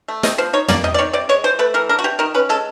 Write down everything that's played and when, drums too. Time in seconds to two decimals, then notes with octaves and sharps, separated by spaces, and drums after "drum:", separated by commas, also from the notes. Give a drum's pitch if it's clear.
0.08 A3
0.23 C3 D#5, drum: snare
0.38 F3 C5
0.53 D#4 C#5
0.68 A#3 D5, drum: tom
0.84 C3 D#5
0.94 D5
0.98 D#3 C#5
1.13 C3 D5
1.29 G#3 C#5
1.44 E3 C5
1.59 A3 B4
1.74 E3 A#4
1.89 D4 A#4
1.99 F#4
2.04 C3 G4
2.19 D#3 A#4
2.34 C#4 B4
2.49 G#3 A4